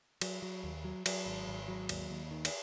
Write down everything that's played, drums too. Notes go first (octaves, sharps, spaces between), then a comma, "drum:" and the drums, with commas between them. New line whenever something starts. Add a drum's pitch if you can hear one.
F#3, drum: cymbal
F#3
D#2
F#3
F#3, drum: cymbal
G#1
G#1
F#3
D#2, drum: cymbal
D#2
D#3
drum: cymbal